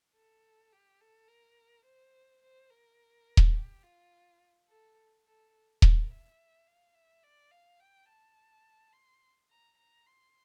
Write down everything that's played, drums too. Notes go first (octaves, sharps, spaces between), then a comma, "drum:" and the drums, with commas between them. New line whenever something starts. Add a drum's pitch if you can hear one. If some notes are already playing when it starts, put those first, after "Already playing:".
A4
G4
A4
A#4
C5
C5
A#4
drum: kick D#1
G4
F4
A4
A4
A#4, drum: kick D#1
E5
F5
E5
D5
F5
G5
A5
C6
A#5
A#5
C6